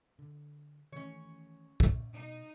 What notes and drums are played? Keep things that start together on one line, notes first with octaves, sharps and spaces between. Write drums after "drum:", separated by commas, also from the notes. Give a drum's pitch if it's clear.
D3
D#3 E3 A3 C#4 C#5
drum: kick
B2 D#4